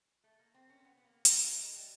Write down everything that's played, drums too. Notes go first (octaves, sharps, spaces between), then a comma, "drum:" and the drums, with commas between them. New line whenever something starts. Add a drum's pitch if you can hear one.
A3
A#3
C4
C#4
B3
B3
A#3
A3, drum: hi-hat
A3
G#3
G3